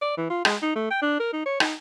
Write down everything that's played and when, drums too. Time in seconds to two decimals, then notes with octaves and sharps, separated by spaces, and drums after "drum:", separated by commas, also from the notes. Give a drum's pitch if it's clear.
0.02 D5
0.17 E3
0.30 F4
0.45 G#3, drum: rim click
0.62 D#4
0.75 A3
0.91 G5
1.02 D4
1.20 A#4
1.33 D#4
1.46 C#5
1.60 D#4, drum: rim click